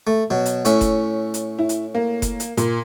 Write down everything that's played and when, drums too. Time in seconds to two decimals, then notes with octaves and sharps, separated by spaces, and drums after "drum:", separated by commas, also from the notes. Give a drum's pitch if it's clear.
0.07 A3
0.30 B2 F#3
0.46 drum: hi-hat
0.65 A2 C#4 E5, drum: hi-hat
0.81 drum: kick F#1, hi-hat
1.34 drum: hi-hat
1.59 E4
1.69 drum: hi-hat
1.95 A#3
2.22 drum: kick F#1, hi-hat
2.40 drum: hi-hat
2.57 A#2, drum: hi-hat